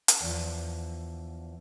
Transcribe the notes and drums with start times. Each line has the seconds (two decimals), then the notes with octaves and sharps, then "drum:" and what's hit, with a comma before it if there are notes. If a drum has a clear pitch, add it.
0.08 drum: hi-hat
0.20 E2 D3 F3